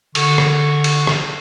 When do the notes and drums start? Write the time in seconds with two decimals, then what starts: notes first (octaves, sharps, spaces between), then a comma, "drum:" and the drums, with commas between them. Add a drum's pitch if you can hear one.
0.15 D3 C#6, drum: cymbal
0.38 drum: rim click
0.84 drum: cymbal
1.07 drum: rim click